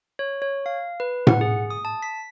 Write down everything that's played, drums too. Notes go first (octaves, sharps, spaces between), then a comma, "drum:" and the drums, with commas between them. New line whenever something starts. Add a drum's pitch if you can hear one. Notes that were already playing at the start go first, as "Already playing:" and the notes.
C#5
C#5
F5
B4
F#5, drum: tom A2
G#4
D#6
A5
B6